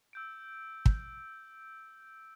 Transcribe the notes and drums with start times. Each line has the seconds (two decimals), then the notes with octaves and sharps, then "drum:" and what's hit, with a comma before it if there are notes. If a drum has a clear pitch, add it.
0.13 E6 G6 D7
0.86 drum: kick